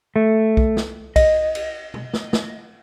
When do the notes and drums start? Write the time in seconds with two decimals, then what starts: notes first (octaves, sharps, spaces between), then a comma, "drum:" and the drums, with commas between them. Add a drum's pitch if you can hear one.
0.16 A3
0.57 drum: kick B1
0.77 drum: snare
1.16 D#5, drum: kick B1, cymbal
1.55 drum: cymbal
1.94 drum: tom
2.13 drum: snare
2.33 drum: snare